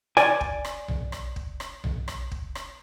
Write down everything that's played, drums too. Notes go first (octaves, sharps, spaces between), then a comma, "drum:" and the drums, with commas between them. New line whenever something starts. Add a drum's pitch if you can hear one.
D5 G#5, drum: rim click
drum: kick
drum: rim click
drum: tom B1
drum: rim click
drum: kick
drum: rim click
drum: tom B1
drum: rim click
drum: kick
drum: rim click